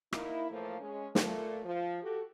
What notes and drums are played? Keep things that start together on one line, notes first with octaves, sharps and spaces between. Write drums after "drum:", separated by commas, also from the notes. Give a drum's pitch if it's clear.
A#3 D#4 E4, drum: rim click
A2 E3 F3 A3 A#3
G#3 C#4
A#2 A3, drum: snare
F3
F#4 G4 A4